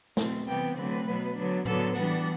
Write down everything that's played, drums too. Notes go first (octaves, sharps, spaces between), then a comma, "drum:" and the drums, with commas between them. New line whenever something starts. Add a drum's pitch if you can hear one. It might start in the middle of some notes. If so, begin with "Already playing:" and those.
B2 A3 C4, drum: snare
C3 E3 G3 B3 G5
D3 F#3 A3 C4 B4
B2 F#3 B3
D3 F#3 B3 D4
D3 F#3 B3 D4 A4, drum: tom A2
E3 G3 B3 D4 F#5, drum: hi-hat